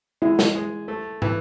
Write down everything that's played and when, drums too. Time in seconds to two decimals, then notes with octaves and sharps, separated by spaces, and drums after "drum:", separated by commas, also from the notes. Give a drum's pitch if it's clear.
0.22 G#3 E4
0.39 drum: snare
0.55 G#3
0.88 A3
1.22 E3, drum: tom